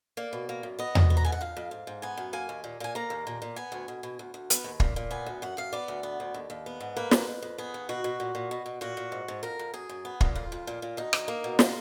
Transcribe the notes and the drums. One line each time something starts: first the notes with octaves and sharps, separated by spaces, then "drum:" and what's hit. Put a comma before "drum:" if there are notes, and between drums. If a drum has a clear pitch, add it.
A#3 D5
B2
A#3
F#2
B3 D#5
D2, drum: tom E2
B3
A#5
G#2 G#5
F#5
F2 F5
F2
G#2
G#2
B3 G#5
F#2
A#3 G#5
D#2
A#2
A#2 G#5
A#3 A#5
D#2
A#2
A#2
B3 G#5
D2
B2
B2
D2
D2
B3, drum: hi-hat
D#2
A#2, drum: kick
A#2
B3 G#5
D2
F#2 F#5
F#2 F5
B3 D5
D2
B3
D2
D#2
D#2
B3
G#2
A#3 B4
D2, drum: snare
F2
F2
B3 G#4
D#2
B2 F#4
B2
A#2
A#2
B2
B2
A#2 F#4
A#2
G#2
G#2
F2 A#4
F2
F#2 G#4
F#2
B3
A#2, drum: kick
F2 F4
F2
A#2
A#2
D2 D#4
D2, drum: rim click
A#3
B2
A#3 F4, drum: snare